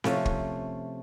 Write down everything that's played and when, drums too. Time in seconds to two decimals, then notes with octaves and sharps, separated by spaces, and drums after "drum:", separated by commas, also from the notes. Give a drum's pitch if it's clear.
0.04 C3 F3 A3 C#4, drum: snare C4
0.25 drum: kick